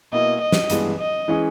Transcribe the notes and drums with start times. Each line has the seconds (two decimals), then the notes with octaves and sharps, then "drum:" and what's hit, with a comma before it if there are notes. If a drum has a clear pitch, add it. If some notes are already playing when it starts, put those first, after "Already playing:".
0.12 B2 A#3 E4 D#5
0.42 D#5
0.52 drum: snare
0.70 G2 E3 G#3 B3, drum: hi-hat
0.99 D#5
1.28 E3 G#3 C#4 G#4